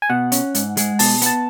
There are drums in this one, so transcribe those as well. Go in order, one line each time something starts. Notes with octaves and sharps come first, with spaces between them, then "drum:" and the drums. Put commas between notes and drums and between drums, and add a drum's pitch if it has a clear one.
G#5
B2 F#5
C#4, drum: hi-hat
G#2, drum: hi-hat
G#3, drum: hi-hat
B2 A5, drum: open hi-hat
B3 A5, drum: hi-hat